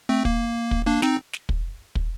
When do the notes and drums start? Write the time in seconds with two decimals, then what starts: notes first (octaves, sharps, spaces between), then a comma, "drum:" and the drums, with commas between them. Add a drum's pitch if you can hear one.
0.09 A3 C4
0.25 A#3, drum: kick
0.71 drum: kick
0.87 A#3 D4
1.02 C4 D#4, drum: snare
1.33 drum: snare
1.49 drum: kick
1.95 drum: kick